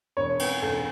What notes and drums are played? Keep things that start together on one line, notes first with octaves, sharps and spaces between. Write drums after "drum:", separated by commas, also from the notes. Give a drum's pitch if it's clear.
E1 C#5
drum: cymbal
E1 A4